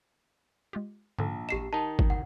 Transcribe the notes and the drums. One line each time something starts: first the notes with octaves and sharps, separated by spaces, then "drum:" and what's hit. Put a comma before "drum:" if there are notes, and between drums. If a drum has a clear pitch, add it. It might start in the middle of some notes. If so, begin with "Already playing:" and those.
G#3 F4 G4
A#1 G#2 D3
A1 G4 D#5 C7 E7
D#3 D#4 A5
drum: kick G#1
F#5